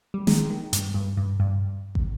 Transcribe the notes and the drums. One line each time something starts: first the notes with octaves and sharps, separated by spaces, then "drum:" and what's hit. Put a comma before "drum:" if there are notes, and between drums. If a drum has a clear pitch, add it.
G3
D#3 G#3, drum: snare
D#3
G2, drum: hi-hat
G2
G2
G2
drum: kick